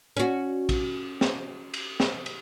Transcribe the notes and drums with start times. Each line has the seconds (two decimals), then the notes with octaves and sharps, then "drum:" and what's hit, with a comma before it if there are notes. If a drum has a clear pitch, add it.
0.17 C#4 F#4
0.69 drum: kick A#1, cymbal
1.21 drum: snare
1.74 drum: cymbal
2.00 drum: snare
2.26 drum: cymbal